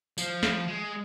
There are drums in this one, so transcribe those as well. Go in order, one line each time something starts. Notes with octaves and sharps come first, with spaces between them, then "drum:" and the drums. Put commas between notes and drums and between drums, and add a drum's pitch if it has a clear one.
F3, drum: tambourine
drum: snare
G#3